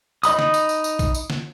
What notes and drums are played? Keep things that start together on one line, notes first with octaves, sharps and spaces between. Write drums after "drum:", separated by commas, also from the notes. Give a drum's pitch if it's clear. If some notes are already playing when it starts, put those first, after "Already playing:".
D#4 D#5 B5 D#6, drum: tambourine
drum: snare
drum: tambourine
drum: tambourine
drum: tambourine
drum: kick, tambourine
drum: tambourine
drum: snare